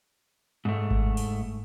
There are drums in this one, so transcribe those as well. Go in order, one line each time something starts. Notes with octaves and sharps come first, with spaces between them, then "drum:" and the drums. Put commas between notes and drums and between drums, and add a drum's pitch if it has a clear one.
G#2 A3
drum: kick G#1
drum: open hi-hat